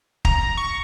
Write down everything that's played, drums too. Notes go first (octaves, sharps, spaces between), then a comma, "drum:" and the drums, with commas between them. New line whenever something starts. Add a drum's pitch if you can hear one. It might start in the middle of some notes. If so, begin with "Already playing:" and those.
A#5, drum: kick
C#6